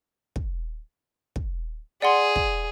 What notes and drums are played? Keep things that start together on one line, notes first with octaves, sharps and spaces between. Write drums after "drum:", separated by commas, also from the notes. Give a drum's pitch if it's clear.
drum: kick
drum: kick
G#4 D5 F#5 C6
drum: kick